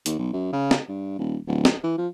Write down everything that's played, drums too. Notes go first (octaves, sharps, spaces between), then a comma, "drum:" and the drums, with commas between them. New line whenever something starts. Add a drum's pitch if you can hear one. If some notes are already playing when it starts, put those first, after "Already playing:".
D#2, drum: hi-hat
B1
F#2
C#3
drum: snare
G2
D#1
D1
drum: snare
E3
F3